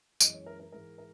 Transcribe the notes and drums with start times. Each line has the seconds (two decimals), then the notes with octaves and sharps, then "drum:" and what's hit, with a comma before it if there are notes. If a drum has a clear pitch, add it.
0.20 F#2 E3 G#3 D#5, drum: tambourine
0.34 C#5
0.46 A#4
0.60 A#4
0.72 G#2 E3 G#3 A#4
0.98 A#4